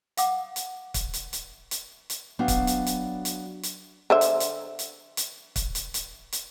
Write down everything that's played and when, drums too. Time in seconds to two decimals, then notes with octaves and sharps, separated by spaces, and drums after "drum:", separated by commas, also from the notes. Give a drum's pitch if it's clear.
0.17 F5 F#5 D6, drum: hi-hat
0.56 drum: hi-hat
0.94 drum: kick, hi-hat
1.13 drum: hi-hat
1.33 drum: hi-hat
1.71 drum: hi-hat
2.10 drum: hi-hat
2.39 F#3 B3 D4 F5 G5
2.48 drum: kick, hi-hat
2.67 drum: hi-hat
2.86 drum: hi-hat
3.25 drum: hi-hat
3.63 drum: hi-hat
4.10 D3 C5 E5
4.21 drum: hi-hat
4.40 drum: hi-hat
4.79 drum: hi-hat
5.17 drum: hi-hat
5.56 drum: kick, hi-hat
5.75 drum: hi-hat
5.94 drum: hi-hat
6.32 drum: hi-hat